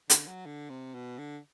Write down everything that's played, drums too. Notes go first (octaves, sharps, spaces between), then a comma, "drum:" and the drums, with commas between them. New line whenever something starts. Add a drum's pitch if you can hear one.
D3, drum: hi-hat
F#3
D3
C3
B2
D3